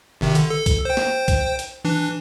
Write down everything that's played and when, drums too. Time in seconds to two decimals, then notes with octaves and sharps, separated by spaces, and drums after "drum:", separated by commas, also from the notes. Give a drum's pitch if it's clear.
0.21 G#1 C3 D#3
0.35 D3, drum: hi-hat
0.50 A4
0.66 drum: kick C2, hi-hat
0.85 C5 G5
0.97 drum: snare
1.28 drum: kick C2, hi-hat
1.59 drum: hi-hat
1.85 E3 D4